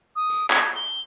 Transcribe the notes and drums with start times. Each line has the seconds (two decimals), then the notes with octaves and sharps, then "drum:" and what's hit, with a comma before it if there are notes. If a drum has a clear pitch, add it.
0.16 D#6
0.30 drum: tambourine
0.50 G#6, drum: clap
0.76 G7